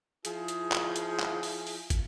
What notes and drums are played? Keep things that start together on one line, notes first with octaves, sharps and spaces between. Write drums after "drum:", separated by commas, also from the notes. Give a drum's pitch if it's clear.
F3 E4 G#4, drum: hi-hat
drum: hi-hat
drum: clap
drum: hi-hat
drum: clap
drum: open hi-hat
drum: open hi-hat
drum: kick, hi-hat